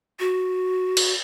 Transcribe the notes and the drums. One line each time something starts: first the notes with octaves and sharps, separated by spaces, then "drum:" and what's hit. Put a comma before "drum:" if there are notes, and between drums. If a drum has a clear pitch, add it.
F#4
drum: cymbal